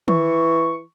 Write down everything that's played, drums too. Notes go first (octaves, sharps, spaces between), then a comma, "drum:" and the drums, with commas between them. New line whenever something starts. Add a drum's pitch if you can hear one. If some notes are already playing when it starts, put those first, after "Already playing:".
E3 C#6, drum: tom D#3